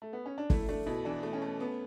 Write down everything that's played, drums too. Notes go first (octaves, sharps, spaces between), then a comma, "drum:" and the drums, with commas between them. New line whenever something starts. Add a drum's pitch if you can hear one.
A3
B3
C#4
D4
A3 E4, drum: kick
A3 D4
B2 E4
E3 D4
A3
C#4
A3
B3